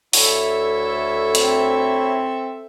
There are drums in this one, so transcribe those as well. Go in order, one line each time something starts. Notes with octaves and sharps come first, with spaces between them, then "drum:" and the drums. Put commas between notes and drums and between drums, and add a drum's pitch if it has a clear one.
D2 E4 A4 C#5 E5, drum: open hi-hat
C4, drum: hi-hat